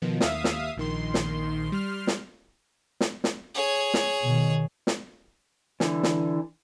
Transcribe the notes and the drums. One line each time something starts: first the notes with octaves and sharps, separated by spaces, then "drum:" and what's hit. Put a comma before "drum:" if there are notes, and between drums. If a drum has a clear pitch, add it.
B2 D#3 F3
D#2 E5 F5 D#6, drum: snare
drum: snare
A#1 D#3 C6
drum: snare
G3 C6 F6
drum: snare
drum: snare
drum: snare
G#4 C#5
drum: snare
B2 D#3
drum: snare
D3 E3, drum: snare
drum: snare